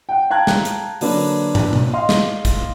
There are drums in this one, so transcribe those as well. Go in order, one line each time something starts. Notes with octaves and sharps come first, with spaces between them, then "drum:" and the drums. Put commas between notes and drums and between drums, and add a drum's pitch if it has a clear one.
F#5 G5
F5 G5 A5 A#5 F#6 G#6
drum: snare
drum: hi-hat
D3 F#3 A#3 D4 B4, drum: open hi-hat
drum: tom
drum: tom B2
D#5 F5 C6
drum: snare
drum: kick, hi-hat